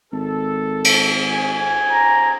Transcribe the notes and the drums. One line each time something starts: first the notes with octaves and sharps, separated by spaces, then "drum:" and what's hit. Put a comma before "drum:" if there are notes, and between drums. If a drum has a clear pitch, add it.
G#1 A4
drum: cymbal
G#5
A#5